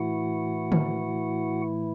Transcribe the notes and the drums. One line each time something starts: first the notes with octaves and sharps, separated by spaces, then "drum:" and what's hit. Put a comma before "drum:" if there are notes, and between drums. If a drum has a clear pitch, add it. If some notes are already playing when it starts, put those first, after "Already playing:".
Already playing: A2 E3 A3 E4 F#4 F#5
drum: tom D3